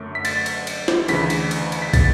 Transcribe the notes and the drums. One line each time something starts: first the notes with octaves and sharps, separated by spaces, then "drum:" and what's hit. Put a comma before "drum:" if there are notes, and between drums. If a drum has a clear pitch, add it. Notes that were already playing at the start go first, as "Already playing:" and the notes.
Already playing: F#2 D3 A3
B6
A6, drum: cymbal
drum: cymbal
drum: cymbal
drum: snare
D2 C#3 E3 B6, drum: cymbal
drum: cymbal
drum: cymbal
drum: cymbal
B6
A6, drum: kick, cymbal